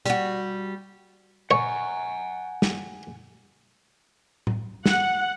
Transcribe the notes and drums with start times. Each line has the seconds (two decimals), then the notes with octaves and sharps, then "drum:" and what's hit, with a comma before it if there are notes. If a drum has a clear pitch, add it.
0.06 G3 F#4, drum: hi-hat
1.51 C#5 F#5 G#5
2.62 drum: snare
4.47 drum: tom A2
4.86 F#5, drum: snare